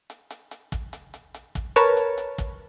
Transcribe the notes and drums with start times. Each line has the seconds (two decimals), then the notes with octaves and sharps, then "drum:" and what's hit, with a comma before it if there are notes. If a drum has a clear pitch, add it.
0.10 drum: hi-hat
0.30 drum: hi-hat
0.51 drum: hi-hat
0.72 drum: kick, hi-hat
0.93 drum: hi-hat
1.14 drum: hi-hat
1.34 drum: hi-hat
1.55 drum: kick, hi-hat
1.76 A#4 B4 C#5 A5, drum: hi-hat
1.97 drum: hi-hat
2.18 drum: hi-hat
2.38 drum: kick, hi-hat